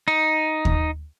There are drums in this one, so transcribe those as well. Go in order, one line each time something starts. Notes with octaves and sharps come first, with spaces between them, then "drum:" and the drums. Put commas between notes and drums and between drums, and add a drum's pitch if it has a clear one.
D#4
drum: kick D#2